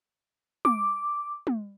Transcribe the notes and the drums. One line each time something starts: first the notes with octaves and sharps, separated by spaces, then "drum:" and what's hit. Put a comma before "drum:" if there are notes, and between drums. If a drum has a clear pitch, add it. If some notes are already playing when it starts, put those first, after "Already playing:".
D6, drum: tom
drum: tom